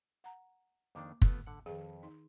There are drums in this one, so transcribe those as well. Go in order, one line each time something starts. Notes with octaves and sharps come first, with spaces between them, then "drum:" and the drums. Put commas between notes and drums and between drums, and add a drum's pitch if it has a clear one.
F#5 A#5
F2 D#3 A#3 D4 D6
A3 B3 F4, drum: kick
D3 F#5
F2 D#3 G#4
D#4 C6